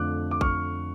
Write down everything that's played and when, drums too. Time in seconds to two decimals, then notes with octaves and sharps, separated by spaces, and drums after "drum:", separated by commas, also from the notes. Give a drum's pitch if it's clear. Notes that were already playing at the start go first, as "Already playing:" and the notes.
Already playing: F2 D3 F3 A3 D6 F#6
0.31 D6
0.41 C#6 F6, drum: kick